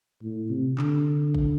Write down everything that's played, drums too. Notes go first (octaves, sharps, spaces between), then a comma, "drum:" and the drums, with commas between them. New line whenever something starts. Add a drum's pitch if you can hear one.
A2
C3
D3, drum: clap
drum: kick